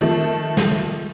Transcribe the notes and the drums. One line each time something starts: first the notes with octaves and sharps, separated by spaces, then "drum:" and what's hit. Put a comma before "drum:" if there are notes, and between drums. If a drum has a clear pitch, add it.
D#3 F3 A3 A4
drum: snare